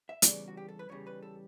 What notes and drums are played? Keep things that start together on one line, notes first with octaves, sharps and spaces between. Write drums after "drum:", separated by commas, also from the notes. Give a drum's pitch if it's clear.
E5
E2 C#3 G3 D5, drum: hi-hat
F#4
G4
A4
B4
E2 C#3 G3 C#5
B4
A4